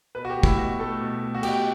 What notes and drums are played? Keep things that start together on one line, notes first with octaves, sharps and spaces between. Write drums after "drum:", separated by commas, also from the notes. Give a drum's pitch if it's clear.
B2 B4
F#4
G4
A3
E4, drum: kick
B2 F#4
A3 A4
B2
A3
F#4
B2 G4, drum: cymbal